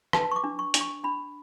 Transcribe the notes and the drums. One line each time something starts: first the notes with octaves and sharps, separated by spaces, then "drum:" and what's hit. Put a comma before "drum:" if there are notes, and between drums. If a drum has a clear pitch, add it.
B4 A5, drum: rim click
C#6
D6
D4
C#6
D4, drum: hi-hat
C#6
D4 B5